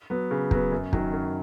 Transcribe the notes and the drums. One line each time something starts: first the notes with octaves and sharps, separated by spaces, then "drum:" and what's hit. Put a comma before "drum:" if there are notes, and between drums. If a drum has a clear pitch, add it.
F#3 B3
C#3
F#3 B3, drum: kick
F#2
D#3 F#3, drum: kick
F#2